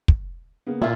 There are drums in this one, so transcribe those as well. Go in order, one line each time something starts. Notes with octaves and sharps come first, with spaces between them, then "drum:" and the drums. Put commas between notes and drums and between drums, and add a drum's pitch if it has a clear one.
drum: kick
C#3 A#3 B3
A#2 E4 F4